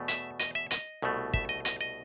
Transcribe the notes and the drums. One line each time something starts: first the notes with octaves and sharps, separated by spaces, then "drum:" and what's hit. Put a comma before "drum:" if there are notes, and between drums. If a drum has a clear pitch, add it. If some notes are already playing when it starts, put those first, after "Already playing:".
Already playing: E2 B2 A3
E5, drum: hi-hat
D#5, drum: hi-hat
E5
D#5, drum: hi-hat
C2 B2 A3
E5, drum: kick
D#5
D#5, drum: hi-hat
D#5